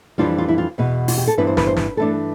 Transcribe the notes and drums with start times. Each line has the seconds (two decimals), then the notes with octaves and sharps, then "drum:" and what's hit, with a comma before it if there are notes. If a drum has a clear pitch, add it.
0.18 F2 E3 G3 D4 F4
0.38 F4
0.48 E4
0.58 F4
0.78 E2 B2 B3
1.08 F4, drum: open hi-hat
1.18 G4
1.27 A4
1.37 G2 E3 B3 D4 B4
1.47 C5
1.57 B4, drum: snare
1.67 C5
1.77 B4, drum: snare
1.97 G2 E3 A3 D4 A4